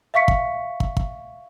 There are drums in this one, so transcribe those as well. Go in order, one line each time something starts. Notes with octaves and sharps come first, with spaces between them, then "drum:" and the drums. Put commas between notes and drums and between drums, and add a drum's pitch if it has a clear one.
E5 F5 C#6 B6 C#7
drum: kick
drum: kick
drum: kick